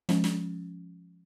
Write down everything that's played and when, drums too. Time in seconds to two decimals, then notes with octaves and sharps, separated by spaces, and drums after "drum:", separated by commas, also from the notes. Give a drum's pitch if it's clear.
0.09 F3 G#3 C#4, drum: snare
0.24 drum: snare